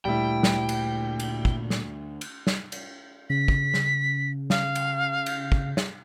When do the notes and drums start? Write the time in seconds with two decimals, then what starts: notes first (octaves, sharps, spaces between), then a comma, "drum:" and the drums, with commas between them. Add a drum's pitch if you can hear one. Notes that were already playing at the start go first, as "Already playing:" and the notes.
0.05 D2 A#2 G3 A3 E4 G5
0.43 drum: snare
0.69 drum: cymbal
1.20 drum: cymbal
1.45 drum: kick
1.70 drum: snare
2.21 drum: cymbal
2.47 drum: snare
2.72 drum: cymbal
3.30 C#3 B6
3.48 drum: kick
3.74 drum: snare
4.50 F5, drum: snare
4.75 drum: cymbal
5.26 drum: cymbal
5.52 drum: kick
5.77 drum: snare